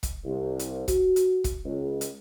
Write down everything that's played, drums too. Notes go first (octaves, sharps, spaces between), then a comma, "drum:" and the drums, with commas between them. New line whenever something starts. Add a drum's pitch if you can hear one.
drum: kick, hi-hat
C2
drum: hi-hat
F#4, drum: kick, hi-hat
drum: hi-hat
drum: kick, hi-hat
C#2
drum: hi-hat